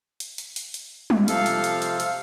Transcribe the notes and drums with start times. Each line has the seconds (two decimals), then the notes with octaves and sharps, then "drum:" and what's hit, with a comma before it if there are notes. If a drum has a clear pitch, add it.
0.20 drum: hi-hat
0.38 drum: hi-hat
0.56 drum: hi-hat
0.74 drum: hi-hat
1.10 drum: tom G3
1.28 C3 F3 A4 F5, drum: hi-hat
1.46 drum: hi-hat
1.64 drum: hi-hat
1.82 drum: hi-hat
2.00 drum: hi-hat